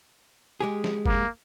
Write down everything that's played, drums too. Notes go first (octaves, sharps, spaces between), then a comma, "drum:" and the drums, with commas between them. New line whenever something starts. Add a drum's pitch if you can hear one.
G#3 G4 G#4
drum: snare
A#3, drum: kick G1